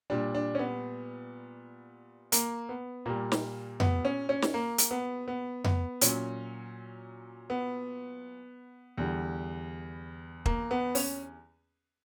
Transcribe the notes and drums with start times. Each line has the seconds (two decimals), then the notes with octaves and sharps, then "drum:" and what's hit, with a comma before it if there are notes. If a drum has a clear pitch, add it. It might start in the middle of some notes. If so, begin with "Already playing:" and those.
0.10 A#2 G3 D4
0.35 D4
0.55 C#4
0.59 B3
2.32 A#3, drum: hi-hat
2.69 B3
3.06 A#2 G3 A#3
3.32 drum: snare
3.80 B3, drum: tom F2
4.05 C#4
4.29 C#4
4.42 drum: snare
4.54 A#3
4.78 drum: hi-hat
4.91 B3
5.28 B3
5.64 B3, drum: tom F2
6.01 A#2 F#3 C#4, drum: hi-hat
7.50 B3
8.98 E2 D3 G3
10.46 A#3, drum: kick
10.71 B3
10.95 C#4, drum: open hi-hat